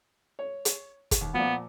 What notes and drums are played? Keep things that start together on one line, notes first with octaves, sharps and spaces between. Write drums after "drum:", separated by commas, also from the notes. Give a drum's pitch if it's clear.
C#5
drum: hi-hat
drum: kick, hi-hat
D#2
A#2 F3 B3